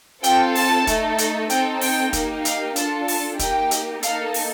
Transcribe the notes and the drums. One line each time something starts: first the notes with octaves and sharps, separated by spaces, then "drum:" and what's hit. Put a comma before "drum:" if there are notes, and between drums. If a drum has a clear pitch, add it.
C4 F4 A4 G5, drum: hi-hat
A5, drum: open hi-hat
A3 D#4 A4, drum: kick, hi-hat
drum: hi-hat
C4 D#4 A4 G5, drum: hi-hat
G5, drum: open hi-hat
A#3 D#4 G4, drum: kick, hi-hat
F5, drum: hi-hat
D4 F4 A4 A5, drum: hi-hat
A5, drum: open hi-hat
A#3 D#4 G4 G5, drum: kick, hi-hat
drum: hi-hat
A#3 D#4 A4 F5, drum: hi-hat
drum: open hi-hat